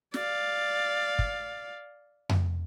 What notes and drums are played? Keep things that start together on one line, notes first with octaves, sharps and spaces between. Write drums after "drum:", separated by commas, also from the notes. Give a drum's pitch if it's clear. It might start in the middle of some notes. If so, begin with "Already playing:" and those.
D5 F5, drum: snare
drum: kick
drum: tom F2